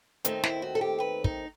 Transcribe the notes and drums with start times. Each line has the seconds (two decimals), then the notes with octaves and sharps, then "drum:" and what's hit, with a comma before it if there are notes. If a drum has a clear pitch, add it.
0.25 D#2 D#3 A3 C4 D#4, drum: hi-hat
0.43 E4, drum: snare
0.62 F#4
0.75 A4
0.81 G4
1.00 B4
1.24 D#4, drum: kick